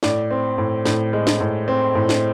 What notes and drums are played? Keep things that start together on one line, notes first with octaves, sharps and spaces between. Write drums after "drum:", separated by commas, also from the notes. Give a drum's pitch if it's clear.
A2 D5, drum: snare
C4
A2
A2, drum: snare
G#3
drum: snare
A2
C4
A2
drum: snare